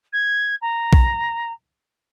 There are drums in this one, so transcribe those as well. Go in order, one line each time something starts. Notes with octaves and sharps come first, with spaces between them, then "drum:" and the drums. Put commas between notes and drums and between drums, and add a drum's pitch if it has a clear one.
G#6
A#5
drum: kick B1